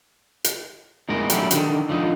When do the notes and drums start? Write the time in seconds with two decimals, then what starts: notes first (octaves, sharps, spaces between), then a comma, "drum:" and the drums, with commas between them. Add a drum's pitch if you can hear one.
0.44 drum: hi-hat
1.09 E2 A2 G#3 D#4 A#4
1.30 F#3 G3 A3 C#4 E4 G4, drum: hi-hat
1.51 D3 D#3, drum: hi-hat
1.89 D3 F3 D#4